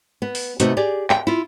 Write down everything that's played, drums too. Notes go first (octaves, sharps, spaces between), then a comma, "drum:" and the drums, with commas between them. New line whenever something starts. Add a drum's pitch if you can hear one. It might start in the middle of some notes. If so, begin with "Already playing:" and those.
B3
drum: open hi-hat
C3 A3 B3 D#4 F#4, drum: hi-hat
G4 G#4 D5
G5, drum: clap
E4 F4